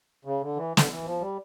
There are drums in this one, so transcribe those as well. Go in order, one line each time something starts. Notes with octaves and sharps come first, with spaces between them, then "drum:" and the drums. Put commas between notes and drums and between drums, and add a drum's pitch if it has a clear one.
C#3
D3
E3
D3, drum: snare
E3
F3
G3